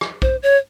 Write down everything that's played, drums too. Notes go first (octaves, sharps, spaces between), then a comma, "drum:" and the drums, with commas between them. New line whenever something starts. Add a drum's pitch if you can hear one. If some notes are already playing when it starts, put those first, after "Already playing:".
drum: rim click
C5, drum: kick B1
C#5